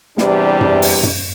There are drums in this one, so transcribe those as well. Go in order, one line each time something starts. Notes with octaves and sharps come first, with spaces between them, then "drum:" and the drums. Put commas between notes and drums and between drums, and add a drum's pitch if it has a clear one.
E2 C3 E3 G3 D4, drum: snare
drum: tom F#2
drum: open hi-hat
drum: tom F#2